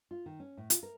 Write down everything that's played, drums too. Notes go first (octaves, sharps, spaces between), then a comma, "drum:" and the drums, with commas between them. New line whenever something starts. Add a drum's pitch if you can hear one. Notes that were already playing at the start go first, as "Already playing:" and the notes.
F4
D#3
C#4
A2
F4, drum: hi-hat
A#4